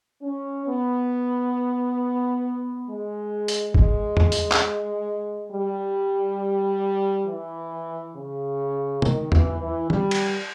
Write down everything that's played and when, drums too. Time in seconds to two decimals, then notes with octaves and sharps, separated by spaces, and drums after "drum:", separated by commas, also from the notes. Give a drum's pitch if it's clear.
0.23 C#4
0.67 B3
2.86 G#3
3.48 drum: hi-hat
3.74 G#3, drum: kick
4.17 drum: tom
4.32 drum: hi-hat
4.52 drum: clap
5.51 G3
7.26 E3
8.14 C#3
9.02 D#3, drum: tom
9.32 E3, drum: tom
9.60 E3
9.90 G3, drum: tom
10.11 drum: cymbal